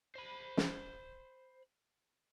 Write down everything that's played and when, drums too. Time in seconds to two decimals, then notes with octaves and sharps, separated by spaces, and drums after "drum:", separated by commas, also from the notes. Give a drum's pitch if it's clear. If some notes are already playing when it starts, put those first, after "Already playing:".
0.16 C5 B5
0.57 drum: snare